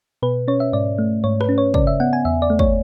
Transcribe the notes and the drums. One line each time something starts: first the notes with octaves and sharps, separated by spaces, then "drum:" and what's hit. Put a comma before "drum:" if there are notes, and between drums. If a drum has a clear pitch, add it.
B2 B4
C#4 C#5
E5
G#2 D5
A3
G#2 C#5
B4, drum: rim click
C#4
C#5
C#3 D5, drum: kick
E5
B3 F#5
G#5
E2 E5
D5
A3
C#5, drum: kick